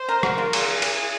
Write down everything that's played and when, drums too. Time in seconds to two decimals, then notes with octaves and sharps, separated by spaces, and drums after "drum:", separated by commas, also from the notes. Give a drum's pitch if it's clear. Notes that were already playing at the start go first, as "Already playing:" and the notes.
Already playing: C5
0.09 A#4
0.23 F#4 A#4, drum: rim click
0.38 F4
0.53 G#4, drum: cymbal
0.82 G#4, drum: cymbal